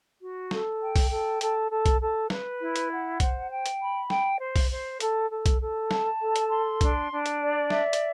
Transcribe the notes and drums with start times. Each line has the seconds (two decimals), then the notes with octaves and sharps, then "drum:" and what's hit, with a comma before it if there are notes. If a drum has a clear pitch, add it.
0.21 F#4
0.51 A4, drum: snare
0.81 G5
0.96 drum: kick B1, open hi-hat
1.10 A4
1.41 A4, drum: hi-hat
1.70 A4
1.86 drum: kick B1, hi-hat
2.00 A4
2.30 B4, drum: snare
2.61 E4
2.76 drum: hi-hat
2.91 F#5
3.20 C5, drum: kick B1, hi-hat
3.50 G5
3.66 drum: hi-hat
3.80 B5
4.10 G5, drum: snare
4.40 C5
4.56 drum: kick B1, open hi-hat
4.71 C5
5.00 A4, drum: hi-hat
5.31 A4
5.46 drum: kick B1, hi-hat
5.60 A4
5.91 A5, drum: snare
6.21 A4
6.36 drum: hi-hat
6.51 C6
6.81 D4, drum: kick B1, hi-hat
7.11 D4
7.26 drum: hi-hat
7.41 D5
7.70 E5, drum: snare
7.93 drum: hi-hat